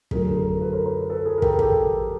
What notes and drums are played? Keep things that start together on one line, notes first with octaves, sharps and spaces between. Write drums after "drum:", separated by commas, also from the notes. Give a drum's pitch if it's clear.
F#2 D3 F#3 A3 G#4 A#4, drum: kick
G#4 A#4
A4 B4
A#4 C5
A#4 C5
A4 B4
G#4 A#4
A#4
G4 A4, drum: kick
G4 A4, drum: kick